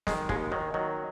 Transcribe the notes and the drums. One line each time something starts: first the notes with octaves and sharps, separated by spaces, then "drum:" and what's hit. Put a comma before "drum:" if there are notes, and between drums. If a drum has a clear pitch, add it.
D#3 G#3, drum: snare
D#2 G#3, drum: kick
D#3 F#3
D#3 F#3